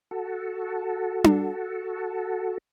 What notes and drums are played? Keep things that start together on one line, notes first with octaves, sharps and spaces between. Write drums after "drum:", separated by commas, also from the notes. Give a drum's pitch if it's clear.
F#4 A4
drum: tom D4